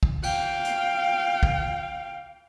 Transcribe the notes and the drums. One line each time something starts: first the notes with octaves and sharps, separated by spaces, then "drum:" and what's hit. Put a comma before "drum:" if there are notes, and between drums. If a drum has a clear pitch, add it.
drum: kick
F5 G5, drum: cymbal
drum: hi-hat
drum: kick